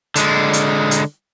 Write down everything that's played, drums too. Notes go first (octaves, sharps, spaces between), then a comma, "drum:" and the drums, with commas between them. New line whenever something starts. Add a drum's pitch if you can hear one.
D3 G#3, drum: hi-hat
drum: hi-hat
drum: hi-hat